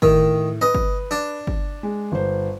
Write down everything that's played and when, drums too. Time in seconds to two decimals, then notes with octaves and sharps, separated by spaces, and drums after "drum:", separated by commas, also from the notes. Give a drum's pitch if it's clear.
0.02 A2 D#3, drum: kick
0.61 B4 D#5
0.75 drum: kick
1.11 D4
1.47 drum: kick
1.83 G#3
2.12 G1 C5